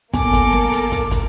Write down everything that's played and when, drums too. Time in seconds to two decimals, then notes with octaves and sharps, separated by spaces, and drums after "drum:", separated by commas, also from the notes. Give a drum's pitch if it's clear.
0.14 A#3 B3 A4 A#4 G#5 D6, drum: kick, hi-hat
0.33 drum: kick, hi-hat
0.53 drum: snare
0.72 drum: hi-hat
0.92 drum: kick, hi-hat
1.11 drum: kick, hi-hat